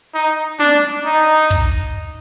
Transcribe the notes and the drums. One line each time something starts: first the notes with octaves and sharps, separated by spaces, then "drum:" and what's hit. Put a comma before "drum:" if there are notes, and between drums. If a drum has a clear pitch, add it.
D#4
D4, drum: snare
D#4
drum: kick